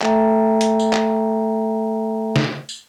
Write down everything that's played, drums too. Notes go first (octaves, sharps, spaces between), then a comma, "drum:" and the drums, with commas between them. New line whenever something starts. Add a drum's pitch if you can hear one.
A3 A4 E5 G5 A#5, drum: clap
drum: hi-hat
drum: tambourine
drum: clap
drum: snare
drum: tambourine